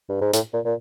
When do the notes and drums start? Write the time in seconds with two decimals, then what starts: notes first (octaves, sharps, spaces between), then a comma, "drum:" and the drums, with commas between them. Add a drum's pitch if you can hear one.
0.09 G2
0.21 G#2
0.33 A2, drum: hi-hat
0.54 A#2
0.65 A#2